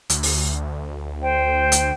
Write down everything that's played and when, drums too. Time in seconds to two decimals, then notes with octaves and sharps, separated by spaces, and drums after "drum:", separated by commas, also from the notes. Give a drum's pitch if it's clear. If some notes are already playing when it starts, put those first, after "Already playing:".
0.10 D2, drum: hi-hat
0.23 drum: open hi-hat
1.21 C5 G5
1.72 drum: hi-hat